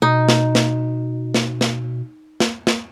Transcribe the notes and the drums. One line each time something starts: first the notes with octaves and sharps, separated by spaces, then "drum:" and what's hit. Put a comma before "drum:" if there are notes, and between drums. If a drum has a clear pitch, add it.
B2 D#4
drum: snare
drum: snare
drum: snare
drum: snare
drum: snare
drum: snare